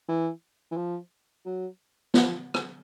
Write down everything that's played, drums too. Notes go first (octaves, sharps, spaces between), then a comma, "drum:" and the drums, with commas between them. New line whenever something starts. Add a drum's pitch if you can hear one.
E3
E3
F3
F#3
F3, drum: snare
drum: rim click